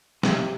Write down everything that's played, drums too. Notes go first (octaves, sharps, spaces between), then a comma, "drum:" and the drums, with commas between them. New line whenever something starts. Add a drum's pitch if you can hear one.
C3, drum: snare